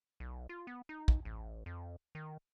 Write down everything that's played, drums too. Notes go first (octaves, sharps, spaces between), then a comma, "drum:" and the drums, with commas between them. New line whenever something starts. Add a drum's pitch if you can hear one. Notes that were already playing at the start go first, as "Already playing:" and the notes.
B1
F4
B3
D#4
drum: kick
A1
F2
D#3